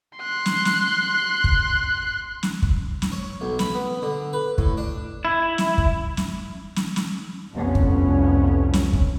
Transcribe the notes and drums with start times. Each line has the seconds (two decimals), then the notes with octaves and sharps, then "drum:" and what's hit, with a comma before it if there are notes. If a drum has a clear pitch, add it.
0.18 C6 F#6
0.46 drum: snare
0.65 drum: snare
1.44 drum: kick
2.43 drum: snare
2.62 drum: kick
3.02 drum: snare
3.12 C#5
3.41 B1
3.59 B5, drum: snare
3.74 B3
4.02 D3
4.33 B4
4.58 A2, drum: kick
4.77 D4
5.25 E4
5.58 drum: snare
5.78 drum: kick
6.17 drum: snare
6.76 drum: snare
6.96 drum: snare
7.53 C2 F2 F3 A3 B3 C#4
7.75 drum: kick
8.73 drum: snare
8.93 drum: kick